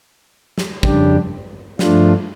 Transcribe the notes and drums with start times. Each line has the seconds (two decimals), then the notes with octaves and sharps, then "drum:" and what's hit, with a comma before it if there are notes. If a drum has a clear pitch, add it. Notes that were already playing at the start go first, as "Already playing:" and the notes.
0.58 drum: snare
0.83 F2 C#3 G3 D4 G4, drum: kick
1.79 G2 F3 A3 D4 F4, drum: snare